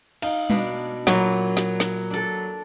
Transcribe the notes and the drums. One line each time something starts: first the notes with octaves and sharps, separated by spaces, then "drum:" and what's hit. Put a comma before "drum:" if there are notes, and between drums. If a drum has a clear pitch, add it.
D#4 F5, drum: cymbal
B2 D4, drum: tom G3
A#2 F#3 E4, drum: snare
drum: snare
drum: snare
D4 A4